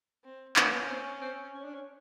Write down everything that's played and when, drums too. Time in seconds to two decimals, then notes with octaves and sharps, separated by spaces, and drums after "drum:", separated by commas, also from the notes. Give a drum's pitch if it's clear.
0.24 C4
0.56 B3 C#4, drum: clap
0.64 A#3
0.73 B3
0.89 C4
1.22 C4
1.54 C#4
1.64 D4
1.74 C#4